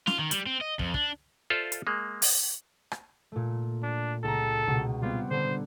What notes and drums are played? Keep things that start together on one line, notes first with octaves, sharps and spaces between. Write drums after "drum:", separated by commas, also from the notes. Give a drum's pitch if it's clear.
F4, drum: snare
D#3
G3, drum: hi-hat
C4
D#5
F2, drum: kick
D4, drum: kick
F4 A4 C5 D5 E5 F5
drum: hi-hat
G#3 A#3
drum: open hi-hat
drum: rim click
A#2 A3
D4
C#2 A4 A#5
C#2 B2
G3 B3 C4 F4
D3 B3 A4 C5